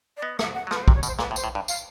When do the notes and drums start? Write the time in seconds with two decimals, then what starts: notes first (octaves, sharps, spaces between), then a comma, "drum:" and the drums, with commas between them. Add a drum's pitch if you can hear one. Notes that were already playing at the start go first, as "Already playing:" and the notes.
0.17 D5
0.22 B3 D#5
0.39 E5, drum: rim click
0.54 F#5
0.67 F#3
0.71 F3 B4, drum: rim click
0.83 C5
0.88 C3, drum: kick
0.95 C#5
1.03 B2, drum: tambourine
1.07 C5
1.19 A#2 B4, drum: rim click
1.31 A2
1.36 C5, drum: tambourine
1.44 A2
1.55 G2
1.68 F5, drum: tambourine